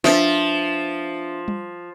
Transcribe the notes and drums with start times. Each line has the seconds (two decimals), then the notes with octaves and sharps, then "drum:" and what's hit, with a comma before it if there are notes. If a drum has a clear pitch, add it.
0.04 F3 D4 B4 E5, drum: snare
1.48 drum: tom G3